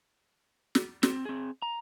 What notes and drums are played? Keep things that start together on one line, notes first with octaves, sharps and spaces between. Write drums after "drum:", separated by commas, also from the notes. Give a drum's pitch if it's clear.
drum: snare
C4, drum: snare
C4 G#4
A#5